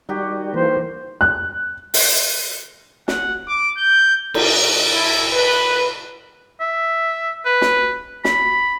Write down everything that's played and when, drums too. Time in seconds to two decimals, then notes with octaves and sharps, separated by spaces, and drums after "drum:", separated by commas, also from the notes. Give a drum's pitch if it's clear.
0.09 D#3 G3 F#4 G4
0.54 E3 A#3 C5
1.21 F#6
1.94 drum: open hi-hat
3.08 F#5, drum: snare
3.48 D6
3.77 G6
4.34 drum: cymbal
4.93 E4
5.32 B4
6.61 E5
7.46 B4
7.62 drum: snare
8.25 B5, drum: snare